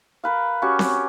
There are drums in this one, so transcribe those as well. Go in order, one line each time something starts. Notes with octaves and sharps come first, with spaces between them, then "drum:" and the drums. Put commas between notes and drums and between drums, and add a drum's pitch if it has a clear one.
A#4 B4 F5
C#4 F#4 G4 C#6
drum: snare C4